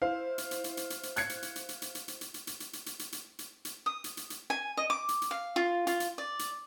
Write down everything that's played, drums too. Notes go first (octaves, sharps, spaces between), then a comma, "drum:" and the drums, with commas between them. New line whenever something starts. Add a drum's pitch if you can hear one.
E4 C5 F5
drum: hi-hat
drum: hi-hat
drum: hi-hat
drum: hi-hat
drum: hi-hat
drum: hi-hat
F#6 G#6 C#7, drum: hi-hat
drum: hi-hat
drum: hi-hat
drum: hi-hat
drum: hi-hat
drum: hi-hat
drum: hi-hat
drum: hi-hat
drum: hi-hat
drum: hi-hat
drum: hi-hat
drum: hi-hat
drum: hi-hat
drum: hi-hat
drum: hi-hat
drum: hi-hat
drum: hi-hat
drum: hi-hat
D#6
drum: hi-hat
drum: hi-hat
drum: hi-hat
G#5
D#5
D6
drum: hi-hat
drum: hi-hat
F5
F4
F4, drum: hi-hat
drum: hi-hat
D5
drum: hi-hat